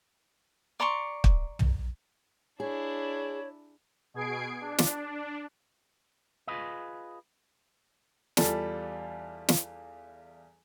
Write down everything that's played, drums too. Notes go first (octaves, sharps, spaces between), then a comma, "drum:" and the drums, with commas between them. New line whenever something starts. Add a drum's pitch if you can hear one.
D5 A#5 C6 C#6
drum: kick
drum: tom
D4 E4 G#4 C#5
B2 G#4 G#6 C7 D7
D4
drum: snare
F4 G#4 B4 D#5
E2 G3 F4 A4, drum: snare
drum: snare